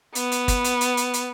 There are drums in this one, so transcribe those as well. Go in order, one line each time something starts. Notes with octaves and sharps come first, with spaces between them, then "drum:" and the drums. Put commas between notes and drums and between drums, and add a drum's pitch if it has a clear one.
B3, drum: hi-hat
drum: hi-hat
drum: kick, hi-hat
drum: hi-hat
drum: hi-hat
drum: hi-hat
drum: hi-hat